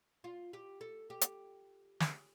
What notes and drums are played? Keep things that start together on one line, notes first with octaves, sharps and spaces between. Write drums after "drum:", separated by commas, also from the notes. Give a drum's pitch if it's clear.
F4
G4
A4
G4
drum: hi-hat
drum: snare